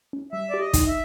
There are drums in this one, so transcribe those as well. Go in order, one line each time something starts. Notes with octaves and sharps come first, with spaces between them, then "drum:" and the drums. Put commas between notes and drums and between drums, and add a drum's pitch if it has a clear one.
C#4
G3 E5
G4 D5
D#5
D#4, drum: kick, hi-hat
E5